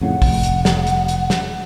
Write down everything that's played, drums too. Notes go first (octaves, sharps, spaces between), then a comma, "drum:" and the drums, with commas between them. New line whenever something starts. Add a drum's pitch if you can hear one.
F2 A2 C#3 F#5
F1, drum: kick, open hi-hat
drum: hi-hat
drum: snare
drum: hi-hat
drum: hi-hat
drum: snare